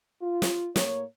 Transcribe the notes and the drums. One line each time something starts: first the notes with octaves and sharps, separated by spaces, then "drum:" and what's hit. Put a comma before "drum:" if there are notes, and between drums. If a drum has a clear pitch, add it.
F4
drum: snare
A2 A#3 C#5, drum: snare